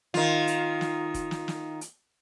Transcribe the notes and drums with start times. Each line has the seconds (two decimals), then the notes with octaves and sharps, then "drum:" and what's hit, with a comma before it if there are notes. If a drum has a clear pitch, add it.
0.14 D#3 F4, drum: snare
0.47 drum: hi-hat
0.81 drum: snare
1.14 drum: kick, hi-hat
1.31 drum: snare
1.48 drum: snare
1.81 drum: hi-hat